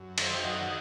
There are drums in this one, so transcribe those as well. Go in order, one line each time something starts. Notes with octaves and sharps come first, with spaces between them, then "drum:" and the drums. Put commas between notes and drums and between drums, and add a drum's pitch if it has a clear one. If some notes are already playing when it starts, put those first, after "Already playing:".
Already playing: F#2
D#3 C5 E5, drum: cymbal
G5
F#2 D#5 F#5